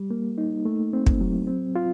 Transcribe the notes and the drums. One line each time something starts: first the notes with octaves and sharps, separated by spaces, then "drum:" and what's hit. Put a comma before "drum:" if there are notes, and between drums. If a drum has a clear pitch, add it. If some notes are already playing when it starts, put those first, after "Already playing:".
Already playing: G3
A#3
D#4
A3
C4
drum: kick
F#3
C4
F4